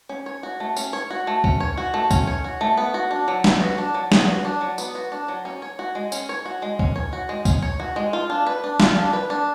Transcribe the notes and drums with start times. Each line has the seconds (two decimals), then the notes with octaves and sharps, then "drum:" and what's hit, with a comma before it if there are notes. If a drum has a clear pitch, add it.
0.09 C#4
0.26 C#5
0.43 F#4
0.60 A3
0.77 C#4, drum: tambourine
0.93 C#5
1.10 F#4
1.27 A3
1.44 C#4, drum: kick
1.60 C#5
1.77 F#4
1.94 A3
2.11 C#4, drum: kick, tambourine
2.27 C#5
2.44 F#4
2.61 A3
2.77 B3
2.94 F#4
3.11 D4
3.28 F#3
3.44 B3, drum: snare
3.61 F#4
3.78 D4
3.94 F#3
4.12 B3, drum: snare
4.28 F#4
4.45 D4
4.61 F#3
4.78 B3, drum: tambourine
4.95 F#4
5.12 D4
5.28 F#3
5.45 C#4
5.62 C#5
5.79 F#4
5.95 G#3
6.12 C#4, drum: tambourine
6.29 C#5
6.46 F#4
6.62 G#3
6.79 C#4, drum: kick
6.96 C#5
7.13 F#4
7.29 G#3
7.45 C#4, drum: kick, tambourine
7.62 C#5
7.80 F#4
7.96 G#3
8.13 F4
8.30 D4
8.46 B4
8.64 D4
8.80 F4, drum: snare
8.96 D4
9.13 B4
9.30 D4